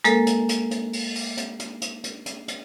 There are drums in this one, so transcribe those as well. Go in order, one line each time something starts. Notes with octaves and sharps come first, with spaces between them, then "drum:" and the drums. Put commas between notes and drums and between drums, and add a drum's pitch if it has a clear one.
G#3 A#3 A4 A#4, drum: hi-hat
drum: hi-hat
drum: hi-hat
drum: hi-hat
drum: open hi-hat
drum: open hi-hat
drum: hi-hat
drum: hi-hat
drum: hi-hat
drum: hi-hat
drum: hi-hat
drum: hi-hat